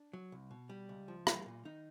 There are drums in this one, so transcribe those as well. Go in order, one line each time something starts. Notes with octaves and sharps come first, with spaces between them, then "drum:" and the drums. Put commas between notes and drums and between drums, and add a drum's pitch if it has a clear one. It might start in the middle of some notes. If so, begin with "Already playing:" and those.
Already playing: D4
F#3
C2
B2
G3
C#2
F3
A#3, drum: rim click
A#2
D#3 D#4